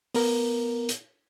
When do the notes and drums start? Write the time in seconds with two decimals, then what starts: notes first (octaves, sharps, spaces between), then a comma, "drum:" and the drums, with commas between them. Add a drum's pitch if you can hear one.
0.14 B3 A#4, drum: open hi-hat
0.89 drum: hi-hat